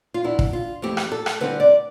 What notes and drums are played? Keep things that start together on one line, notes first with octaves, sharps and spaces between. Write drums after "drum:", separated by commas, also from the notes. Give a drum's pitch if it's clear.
F4
E2 B2 B3 D4 E4
drum: kick
F4
F2 E3 A3 C4 G4
drum: rim click
A4
drum: rim click
D3 G3 C4 E4 B4
D5